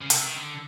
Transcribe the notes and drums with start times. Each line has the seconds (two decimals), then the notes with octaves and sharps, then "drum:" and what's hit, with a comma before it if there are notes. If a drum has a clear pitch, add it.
0.01 C#3
0.10 C3, drum: hi-hat
0.23 D#3
0.35 D3